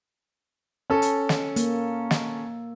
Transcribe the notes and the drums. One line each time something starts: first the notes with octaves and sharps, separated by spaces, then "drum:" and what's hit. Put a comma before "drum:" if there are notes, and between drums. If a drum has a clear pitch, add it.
C#4 A4
drum: hi-hat
drum: snare
A#3, drum: hi-hat
drum: snare